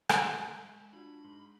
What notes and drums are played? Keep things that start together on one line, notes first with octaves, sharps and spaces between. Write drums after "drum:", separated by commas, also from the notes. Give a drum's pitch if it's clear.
drum: rim click
G#3 A5 C#6
D4 F4 F#4 B5
G#2 C6